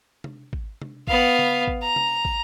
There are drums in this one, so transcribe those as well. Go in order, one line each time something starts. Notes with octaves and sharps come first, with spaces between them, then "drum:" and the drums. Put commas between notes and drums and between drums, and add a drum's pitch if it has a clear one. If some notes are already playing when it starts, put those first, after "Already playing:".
drum: tom
drum: kick
drum: tom
B3 F5, drum: kick
drum: tom C#3
drum: kick
A#5
drum: tom
drum: kick